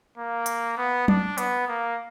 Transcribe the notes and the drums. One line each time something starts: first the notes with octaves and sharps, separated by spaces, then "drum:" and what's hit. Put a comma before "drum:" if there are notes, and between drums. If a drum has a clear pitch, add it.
A#3
drum: hi-hat
B3
D4, drum: tom
B3, drum: hi-hat
A#3